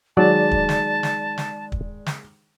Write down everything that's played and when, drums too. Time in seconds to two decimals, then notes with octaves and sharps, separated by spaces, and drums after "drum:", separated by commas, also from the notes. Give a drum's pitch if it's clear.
0.17 D#3 F#3 G#3 D5 A5
0.51 drum: kick
0.69 drum: snare
1.03 drum: snare
1.38 drum: snare
1.72 drum: kick
2.06 drum: snare